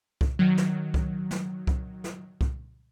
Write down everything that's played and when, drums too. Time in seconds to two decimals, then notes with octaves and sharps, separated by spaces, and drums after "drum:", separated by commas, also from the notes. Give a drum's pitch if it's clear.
0.21 drum: kick C2
0.39 D#3 F#3
0.58 drum: snare
0.94 drum: kick C2
1.31 drum: snare
1.67 drum: kick C2
2.04 drum: snare
2.41 drum: kick C2